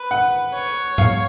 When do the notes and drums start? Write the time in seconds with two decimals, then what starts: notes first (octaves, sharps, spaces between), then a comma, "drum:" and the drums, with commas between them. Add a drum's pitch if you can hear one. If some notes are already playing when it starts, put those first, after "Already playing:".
Already playing: B4
0.11 F#5
0.55 C#5
0.98 F5, drum: tom G#2